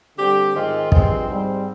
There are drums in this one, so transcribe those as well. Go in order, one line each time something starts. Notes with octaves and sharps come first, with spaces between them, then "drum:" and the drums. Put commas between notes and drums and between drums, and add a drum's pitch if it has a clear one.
D3 G3 C4 G4
G#2 D#3 G#3 C4 F4
G2 F3 G#3 C4, drum: kick
G#2 G3 C4